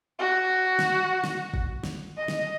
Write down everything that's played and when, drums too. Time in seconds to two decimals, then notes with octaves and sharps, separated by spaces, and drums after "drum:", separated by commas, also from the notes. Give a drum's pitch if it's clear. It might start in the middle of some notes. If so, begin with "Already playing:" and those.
0.19 F#4
0.79 drum: snare
1.24 drum: snare
1.54 drum: kick
1.83 drum: snare
2.18 D#5
2.28 drum: snare